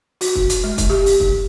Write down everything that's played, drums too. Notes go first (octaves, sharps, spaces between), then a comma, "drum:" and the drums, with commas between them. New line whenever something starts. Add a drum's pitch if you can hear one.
F#4, drum: open hi-hat
drum: kick
drum: hi-hat
G#3
drum: kick, hi-hat
G4
drum: open hi-hat
drum: kick